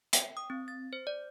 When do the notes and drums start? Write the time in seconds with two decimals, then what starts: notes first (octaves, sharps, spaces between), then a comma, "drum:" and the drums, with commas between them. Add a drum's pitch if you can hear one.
0.13 G5, drum: hi-hat
0.37 D#6
0.50 C4
0.68 A6
0.93 C5
1.07 D5